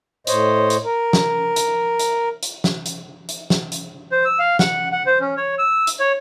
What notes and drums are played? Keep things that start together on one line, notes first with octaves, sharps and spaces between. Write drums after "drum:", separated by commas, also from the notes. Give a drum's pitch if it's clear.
A2 C5 C#5 D#5, drum: hi-hat
drum: hi-hat
A#4
drum: snare
drum: hi-hat
drum: hi-hat
drum: hi-hat
drum: snare
drum: hi-hat
drum: hi-hat
drum: snare
drum: hi-hat
C5
E6
F5
F#5, drum: snare
F#5
C5
C#4
C#5
E6
drum: hi-hat
C#5